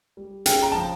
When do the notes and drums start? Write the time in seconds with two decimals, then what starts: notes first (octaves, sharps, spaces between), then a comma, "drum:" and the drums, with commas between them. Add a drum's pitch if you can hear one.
0.17 G3
0.46 C#3 G5, drum: hi-hat
0.62 A#5
0.72 F3 A5